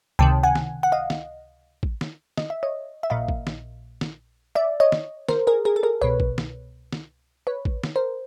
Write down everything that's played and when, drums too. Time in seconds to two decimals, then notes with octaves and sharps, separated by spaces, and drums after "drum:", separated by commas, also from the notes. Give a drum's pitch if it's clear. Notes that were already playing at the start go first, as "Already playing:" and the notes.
0.19 C#2 C3 D#3 G5 A5
0.43 F#5 G#5
0.55 drum: snare
0.83 F#5
0.92 D#5 F5
1.10 drum: snare
1.83 drum: kick A1
2.01 drum: snare
2.38 D#5, drum: snare
2.50 E5
2.63 C#5 D#5
3.03 E5
3.10 A#1 A#2 D#5 F5
3.28 drum: kick A1
3.47 drum: snare
4.01 drum: snare
4.55 D5 E5
4.80 C#5 D#5
4.92 drum: snare
5.29 A#4 C5, drum: snare
5.47 G#4 A#4
5.65 G#4 A#4
5.76 A4
5.83 G#4 A#4
6.02 C2 B2 B4 C#5
6.20 drum: kick A1
6.38 drum: snare
6.93 drum: snare
7.47 B4 C#5
7.65 drum: kick A1
7.84 drum: snare
7.96 A#4 C5